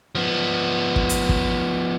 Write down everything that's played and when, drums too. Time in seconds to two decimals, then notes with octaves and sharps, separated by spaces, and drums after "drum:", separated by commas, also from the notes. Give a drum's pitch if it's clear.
0.15 F3 B3
0.96 drum: kick
1.09 drum: hi-hat
1.29 drum: kick